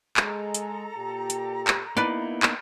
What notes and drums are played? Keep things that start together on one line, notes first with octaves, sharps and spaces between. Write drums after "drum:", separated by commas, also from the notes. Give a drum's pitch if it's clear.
G#3 G#4 A4 A#5, drum: clap
drum: hi-hat
A#2 G4
drum: hi-hat
drum: clap
A#3 B3 D#4 E4 B4 D5
drum: clap